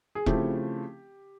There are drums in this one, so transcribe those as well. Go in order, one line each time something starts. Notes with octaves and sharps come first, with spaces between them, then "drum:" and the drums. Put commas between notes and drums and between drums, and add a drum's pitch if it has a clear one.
G#4
C#3 F3 A3 C4 E4 G4, drum: kick E1